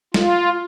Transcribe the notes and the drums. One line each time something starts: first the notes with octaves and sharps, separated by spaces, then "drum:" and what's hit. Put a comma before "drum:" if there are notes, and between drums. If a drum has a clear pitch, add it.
F4, drum: snare